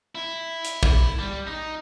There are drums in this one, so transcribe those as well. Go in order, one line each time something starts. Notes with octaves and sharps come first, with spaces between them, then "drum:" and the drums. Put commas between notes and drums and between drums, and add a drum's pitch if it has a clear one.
E4
drum: hi-hat
drum: kick
G3
D#4